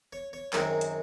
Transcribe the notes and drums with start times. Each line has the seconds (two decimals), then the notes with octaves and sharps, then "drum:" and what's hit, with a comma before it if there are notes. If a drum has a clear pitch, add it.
0.13 C#5
0.33 C#5
0.53 F#2 D#3 G#3 C4, drum: clap
0.81 drum: hi-hat